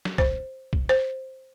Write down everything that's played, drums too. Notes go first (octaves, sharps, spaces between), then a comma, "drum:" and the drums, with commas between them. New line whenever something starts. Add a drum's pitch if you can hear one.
drum: snare
C5, drum: kick
drum: kick
C5